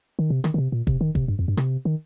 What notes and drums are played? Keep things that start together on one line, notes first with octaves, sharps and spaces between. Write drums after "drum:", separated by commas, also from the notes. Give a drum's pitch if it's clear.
D#3
C3
D#3, drum: rim click
D#3
C3
A#2
C3, drum: kick
D#3
C3, drum: kick
G2
F2
G2
C3, drum: rim click
D#3